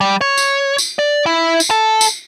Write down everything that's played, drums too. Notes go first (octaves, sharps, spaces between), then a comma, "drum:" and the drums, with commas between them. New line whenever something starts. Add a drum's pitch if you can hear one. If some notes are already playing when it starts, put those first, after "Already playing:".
G3
C#5
drum: tambourine
drum: tambourine
D5
E4
drum: tambourine
A4
drum: tambourine